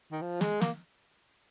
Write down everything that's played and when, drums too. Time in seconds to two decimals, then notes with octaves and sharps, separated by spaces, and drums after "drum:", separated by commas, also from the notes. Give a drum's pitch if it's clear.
0.12 D#3
0.22 F3
0.41 G#3, drum: snare
0.62 A#3, drum: snare